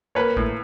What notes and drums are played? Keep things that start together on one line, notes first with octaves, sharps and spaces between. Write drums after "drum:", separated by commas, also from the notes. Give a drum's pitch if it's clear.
A#3 B4 C#5, drum: tom F#2
A2, drum: kick